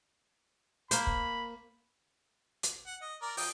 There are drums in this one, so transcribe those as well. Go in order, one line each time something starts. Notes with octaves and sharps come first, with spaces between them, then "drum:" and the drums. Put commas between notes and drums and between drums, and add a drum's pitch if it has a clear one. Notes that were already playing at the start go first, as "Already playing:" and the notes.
A#3 C5 B5, drum: hi-hat
drum: kick
drum: hi-hat
F#5
D#5
A#4 D5
F3 G5 D#6, drum: open hi-hat